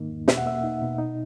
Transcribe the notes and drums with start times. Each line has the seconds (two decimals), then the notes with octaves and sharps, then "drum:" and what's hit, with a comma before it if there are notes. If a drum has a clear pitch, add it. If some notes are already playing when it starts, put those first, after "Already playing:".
Already playing: G#2 D#3 A#3 D#4
0.10 E2
0.28 B2 E5, drum: snare
0.37 F#5
0.46 A#3 E5
0.63 D#4
0.81 B2
0.98 D#4